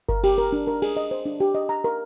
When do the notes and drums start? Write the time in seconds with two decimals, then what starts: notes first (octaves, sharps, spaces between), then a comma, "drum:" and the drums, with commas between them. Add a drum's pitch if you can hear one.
0.09 A#4, drum: kick G1
0.24 G4, drum: cymbal
0.38 A#4
0.52 D4
0.67 A#4
0.82 G#4, drum: cymbal
0.97 D#5
1.11 C5
1.26 D4
1.40 G4
1.55 D#5
1.69 A#5
1.84 A#4